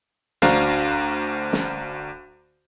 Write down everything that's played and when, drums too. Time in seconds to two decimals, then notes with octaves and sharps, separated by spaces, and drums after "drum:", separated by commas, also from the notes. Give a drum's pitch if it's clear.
0.42 D2 D4 F#4 C5 F5 A#5, drum: snare
1.53 drum: snare